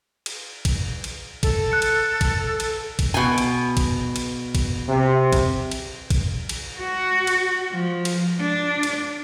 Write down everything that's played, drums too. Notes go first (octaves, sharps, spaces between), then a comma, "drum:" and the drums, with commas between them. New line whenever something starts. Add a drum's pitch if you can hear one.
drum: cymbal
drum: kick, cymbal
drum: cymbal
A4, drum: kick, cymbal
F#6 C#7
drum: cymbal
drum: kick, cymbal
drum: cymbal
drum: kick, cymbal
B2 G#5
drum: cymbal
drum: kick, cymbal
drum: cymbal
drum: kick, cymbal
C3
drum: kick, cymbal
drum: cymbal
drum: kick, cymbal
drum: cymbal
F#4
drum: cymbal
F3
drum: cymbal
D4
drum: cymbal